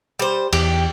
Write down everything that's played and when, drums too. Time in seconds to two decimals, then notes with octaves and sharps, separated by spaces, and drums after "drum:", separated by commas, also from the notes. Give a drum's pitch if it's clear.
0.19 G3 C5
0.53 E2 G4, drum: cymbal